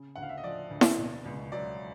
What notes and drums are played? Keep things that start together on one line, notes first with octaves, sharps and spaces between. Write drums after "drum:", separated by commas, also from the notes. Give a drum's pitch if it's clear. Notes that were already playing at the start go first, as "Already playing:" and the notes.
Already playing: C#3
D2 F#5
F5
E5
D#5
F3 D5
D2
drum: snare E4
B2
C#2
F#3 D5